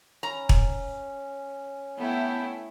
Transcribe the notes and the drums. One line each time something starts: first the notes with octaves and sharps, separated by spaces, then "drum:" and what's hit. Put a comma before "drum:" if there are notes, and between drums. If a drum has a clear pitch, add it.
C#4 A#5
drum: kick
A3 B3 E4 G5